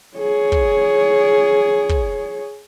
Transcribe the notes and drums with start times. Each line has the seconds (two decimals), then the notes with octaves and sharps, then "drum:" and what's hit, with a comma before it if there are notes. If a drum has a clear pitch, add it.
0.18 G#4 C#5
0.52 drum: kick
1.89 drum: kick